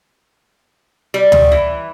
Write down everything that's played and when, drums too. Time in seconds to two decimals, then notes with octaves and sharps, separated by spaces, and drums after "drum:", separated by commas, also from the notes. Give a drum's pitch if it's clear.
1.14 G3
1.32 drum: tom D2
1.52 E3